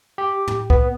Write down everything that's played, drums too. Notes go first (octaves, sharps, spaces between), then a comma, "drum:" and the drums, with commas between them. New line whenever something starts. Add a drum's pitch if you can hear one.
G4
drum: tom
B3, drum: kick